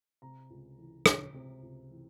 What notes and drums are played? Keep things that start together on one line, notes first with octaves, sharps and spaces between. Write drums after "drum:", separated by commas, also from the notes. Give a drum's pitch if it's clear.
C3 A#5
C#2
E3
C#2, drum: rim click
C3
C#2
E3